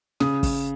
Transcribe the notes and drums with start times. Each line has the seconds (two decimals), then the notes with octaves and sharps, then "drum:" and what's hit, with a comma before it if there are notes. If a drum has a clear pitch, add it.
0.20 C#3 D#6, drum: snare
0.43 drum: kick, open hi-hat